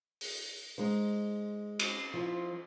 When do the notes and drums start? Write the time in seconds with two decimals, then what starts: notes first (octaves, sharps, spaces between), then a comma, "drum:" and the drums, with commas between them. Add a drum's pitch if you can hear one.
0.21 drum: open hi-hat
0.78 G#3 D#4 C5
1.80 drum: cymbal
2.14 F3 E4 C5